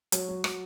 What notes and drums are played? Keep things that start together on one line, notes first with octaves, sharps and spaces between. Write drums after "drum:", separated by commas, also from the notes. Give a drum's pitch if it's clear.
F#3 C#5, drum: hi-hat
F#3
F#3, drum: rim click